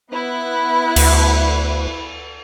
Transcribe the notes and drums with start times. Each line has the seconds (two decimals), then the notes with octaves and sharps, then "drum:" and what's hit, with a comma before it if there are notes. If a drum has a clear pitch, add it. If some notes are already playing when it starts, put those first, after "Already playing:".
0.11 B3 E4 F#6
0.96 D2, drum: cymbal